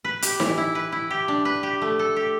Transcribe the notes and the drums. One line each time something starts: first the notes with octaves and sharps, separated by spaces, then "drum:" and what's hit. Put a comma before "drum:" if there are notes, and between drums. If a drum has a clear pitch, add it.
B4
G4, drum: hi-hat
E3, drum: snare D#4
E4
B4
E4
G4
D4
B4
G4
A3
A4
G4